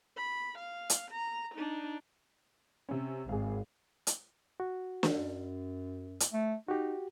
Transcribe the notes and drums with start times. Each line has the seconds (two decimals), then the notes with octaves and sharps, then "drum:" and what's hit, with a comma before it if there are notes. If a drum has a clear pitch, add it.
0.18 B5
0.58 F5
0.90 drum: hi-hat
1.11 A#5
1.55 D4 D#4
2.89 C3 C#4
3.29 G#1 G#4 F5
4.07 drum: hi-hat
4.60 F#4
5.03 drum: snare
5.16 F#2
6.20 drum: hi-hat
6.33 A3
6.68 D#4 F#4 G4